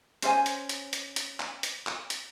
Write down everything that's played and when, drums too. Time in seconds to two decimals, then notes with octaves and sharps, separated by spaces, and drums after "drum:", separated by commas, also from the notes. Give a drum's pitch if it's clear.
0.22 C#4 C5 D#5 G#5, drum: hi-hat
0.46 drum: hi-hat
0.69 drum: hi-hat
0.93 drum: hi-hat
1.16 drum: hi-hat
1.40 drum: clap
1.63 drum: hi-hat
1.87 drum: clap
2.10 drum: hi-hat